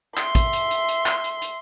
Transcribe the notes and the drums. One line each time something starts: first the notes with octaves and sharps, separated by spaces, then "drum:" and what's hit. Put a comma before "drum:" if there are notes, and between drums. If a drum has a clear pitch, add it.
E5 C6, drum: clap
drum: kick, hi-hat
drum: hi-hat
drum: hi-hat
drum: hi-hat
drum: clap
drum: hi-hat
drum: hi-hat